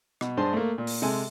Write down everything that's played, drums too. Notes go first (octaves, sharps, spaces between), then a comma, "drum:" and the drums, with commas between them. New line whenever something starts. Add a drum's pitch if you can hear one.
B2, drum: rim click
G2 G#4 C5 A5 C6
A3 A#3
A#2
drum: open hi-hat
C3 G#3 A4 G#5